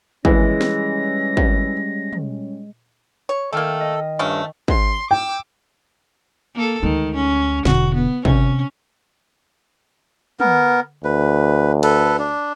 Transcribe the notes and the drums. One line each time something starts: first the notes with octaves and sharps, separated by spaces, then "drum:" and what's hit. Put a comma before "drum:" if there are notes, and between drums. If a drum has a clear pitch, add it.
E3 G3 G#3 C#4 A#6, drum: kick
drum: snare
drum: kick
drum: tom
C#5
D#3 A3 A#3 A4 G5 F6
D#5
G2 F3 A3 C#4 C#6
C6, drum: kick
G5 D6 E6
A#3 A4
D2 D#3 G#3
C#4
E1 D3 F#4, drum: snare
B3
C3 C#4, drum: kick
B3 A#4, drum: tom
D2 B4
A4 B4, drum: cymbal
D4